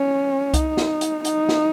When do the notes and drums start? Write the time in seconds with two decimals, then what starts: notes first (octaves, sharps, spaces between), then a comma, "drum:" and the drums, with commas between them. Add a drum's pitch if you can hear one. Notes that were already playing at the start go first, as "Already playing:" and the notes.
Already playing: C#4
0.54 D#4, drum: kick C2, hi-hat
0.77 drum: snare
1.01 drum: hi-hat
1.25 D#4, drum: hi-hat
1.49 drum: snare